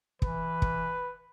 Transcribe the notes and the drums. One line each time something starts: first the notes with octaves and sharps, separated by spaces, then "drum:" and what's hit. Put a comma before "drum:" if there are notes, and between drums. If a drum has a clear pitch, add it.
E3 B4, drum: kick
drum: kick